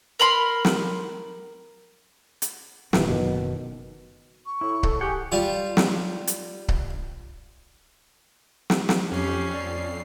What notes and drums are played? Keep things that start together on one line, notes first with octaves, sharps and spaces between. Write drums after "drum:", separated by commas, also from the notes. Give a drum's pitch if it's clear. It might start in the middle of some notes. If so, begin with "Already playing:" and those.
A#4 B5 C6
drum: snare
drum: hi-hat
D1 A#1 D#2 E3, drum: snare
F#1 B2 D#3
C#6
A2 E4
A4, drum: kick C#1
G4 G#4 F#5 G5
G3 F4
drum: snare
drum: hi-hat
drum: kick C#1
drum: snare
drum: snare
F2 C#4 G4 C7
D5